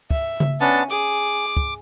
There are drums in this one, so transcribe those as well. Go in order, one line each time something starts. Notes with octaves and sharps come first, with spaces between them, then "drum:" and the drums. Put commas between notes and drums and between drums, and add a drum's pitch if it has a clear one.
E5, drum: kick
drum: tom C#3
B3 C#4 D4 A5
G#4 D6
drum: kick